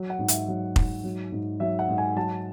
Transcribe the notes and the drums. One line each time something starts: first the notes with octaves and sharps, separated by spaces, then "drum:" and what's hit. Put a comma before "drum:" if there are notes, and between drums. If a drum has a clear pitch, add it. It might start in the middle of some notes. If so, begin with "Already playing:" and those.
Already playing: F#3
F#5
G#2
E5, drum: hi-hat
F#3
G#2, drum: kick F1
F#3
G#2
F#3 E5
F#5
G#2
G#5
F#3 A5